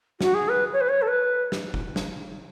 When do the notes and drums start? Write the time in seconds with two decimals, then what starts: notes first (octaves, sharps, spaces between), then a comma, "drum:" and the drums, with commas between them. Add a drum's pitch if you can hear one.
0.21 F#4, drum: snare
0.34 G#4
0.49 B4
0.73 C#5
0.81 B4
0.89 C#5
1.02 A4
1.08 B4
1.52 drum: snare
1.74 drum: kick
1.96 drum: snare